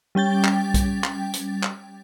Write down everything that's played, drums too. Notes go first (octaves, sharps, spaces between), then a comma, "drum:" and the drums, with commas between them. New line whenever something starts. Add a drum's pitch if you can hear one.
G3 C#4 G5 A6
drum: clap
drum: kick B1, hi-hat
drum: clap
drum: hi-hat
drum: clap